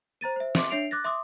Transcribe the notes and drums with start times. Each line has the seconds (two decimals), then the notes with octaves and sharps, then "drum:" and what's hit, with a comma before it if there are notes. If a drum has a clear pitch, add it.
0.21 C5 A#5 A6 D#7
0.36 C5 E5
0.55 E5 C6 D6, drum: snare
0.70 D4 C#5 E5 C7 D7 F7
0.91 D6 F#6 A6 A#6
1.04 E5 C6 D6 D#6